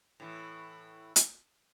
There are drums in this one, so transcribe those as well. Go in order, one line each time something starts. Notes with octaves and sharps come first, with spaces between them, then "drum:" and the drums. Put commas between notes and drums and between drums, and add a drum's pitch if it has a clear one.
A2 E3
drum: hi-hat